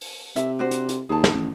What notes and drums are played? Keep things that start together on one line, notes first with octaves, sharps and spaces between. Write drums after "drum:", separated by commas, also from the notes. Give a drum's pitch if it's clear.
drum: open hi-hat
C3 E5, drum: hi-hat
D4 F#4 C5
drum: hi-hat
drum: hi-hat
D#2 G#4 A5
drum: snare
A1